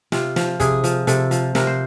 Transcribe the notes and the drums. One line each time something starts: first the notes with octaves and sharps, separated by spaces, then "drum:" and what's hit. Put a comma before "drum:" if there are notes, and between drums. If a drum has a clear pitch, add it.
C3 F4, drum: snare
F3, drum: snare
C3 G#4, drum: kick, hi-hat
F3, drum: hi-hat
C3 A4, drum: hi-hat
F3, drum: hi-hat
C3 A#4, drum: snare
C5